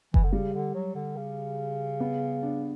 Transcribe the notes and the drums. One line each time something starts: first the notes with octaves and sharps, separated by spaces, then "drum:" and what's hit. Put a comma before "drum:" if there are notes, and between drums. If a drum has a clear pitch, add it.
E3, drum: kick F#1
D3
C#3 G3
D3
F#3
D3
C#3
B3
D4